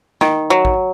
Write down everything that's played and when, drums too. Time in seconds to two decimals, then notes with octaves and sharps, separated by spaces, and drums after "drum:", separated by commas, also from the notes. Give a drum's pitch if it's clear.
0.21 D#3, drum: snare
0.50 F#3
0.65 drum: kick